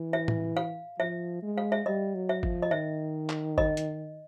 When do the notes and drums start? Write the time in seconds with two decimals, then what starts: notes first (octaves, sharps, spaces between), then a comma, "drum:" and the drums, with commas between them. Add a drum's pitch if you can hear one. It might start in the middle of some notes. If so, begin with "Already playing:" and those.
Already playing: E3
0.13 E5
0.28 drum: tom A2
0.57 F5
1.00 F3 E5
1.43 G#3
1.58 F5
1.72 E5
1.86 G3 D#5
2.15 F#3
2.29 E5
2.43 F3, drum: kick G#1
2.62 D#5
2.71 D#3 E5
3.30 drum: clap
3.58 D#5, drum: kick G#1
3.77 drum: hi-hat